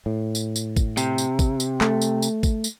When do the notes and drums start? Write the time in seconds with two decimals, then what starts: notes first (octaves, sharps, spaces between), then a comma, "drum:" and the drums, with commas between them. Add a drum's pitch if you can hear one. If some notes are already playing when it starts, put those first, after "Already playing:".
0.06 A2
0.35 drum: tambourine
0.56 drum: tambourine
0.76 drum: kick G#1, tambourine
0.97 C3, drum: tambourine
1.18 drum: tambourine
1.39 drum: kick G#1, tambourine
1.60 drum: tambourine
1.81 A3, drum: clap
2.02 drum: tambourine
2.22 drum: tambourine
2.43 drum: kick G#1, tambourine
2.64 drum: tambourine